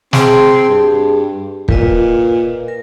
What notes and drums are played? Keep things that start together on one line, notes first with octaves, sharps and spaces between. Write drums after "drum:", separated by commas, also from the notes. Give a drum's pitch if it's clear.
C4 G#4 A5, drum: snare
G2
A#2 B4 D#5, drum: kick
A#4